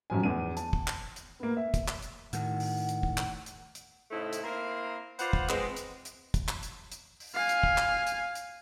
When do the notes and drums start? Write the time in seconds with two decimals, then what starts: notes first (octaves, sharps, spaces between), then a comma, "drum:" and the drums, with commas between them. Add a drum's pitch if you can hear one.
0.10 G1 F#2 F3 G#5
0.23 E2 D#7
0.57 A5, drum: hi-hat
0.73 drum: kick
0.87 drum: clap
1.16 drum: hi-hat
1.40 A#3 B3
1.57 E5
1.74 drum: kick, hi-hat
1.88 drum: clap
2.03 drum: hi-hat
2.33 A2 D#3 F#5, drum: hi-hat
2.60 drum: open hi-hat
2.89 drum: hi-hat
3.03 drum: kick
3.18 drum: clap
3.46 drum: hi-hat
3.75 drum: hi-hat
4.11 A2 C#3 A3 C4 D#4 E4
4.33 drum: hi-hat
4.44 A#3 C4 E4 A#4
5.19 F4 B4 C5 D5 F#5, drum: hi-hat
5.33 drum: kick
5.49 G#3 B3 C4, drum: clap
5.76 drum: hi-hat
6.05 drum: hi-hat
6.34 drum: kick, hi-hat
6.48 drum: clap
6.63 drum: hi-hat
6.92 drum: hi-hat
7.20 drum: open hi-hat
7.34 F5 G#5
7.49 drum: hi-hat
7.63 drum: kick
7.78 drum: clap
8.07 drum: hi-hat
8.35 drum: hi-hat